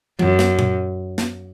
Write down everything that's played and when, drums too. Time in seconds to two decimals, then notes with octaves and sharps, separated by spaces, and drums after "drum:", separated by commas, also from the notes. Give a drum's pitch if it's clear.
0.19 F#2, drum: tom E3
0.39 drum: snare
0.59 drum: tom
1.18 drum: snare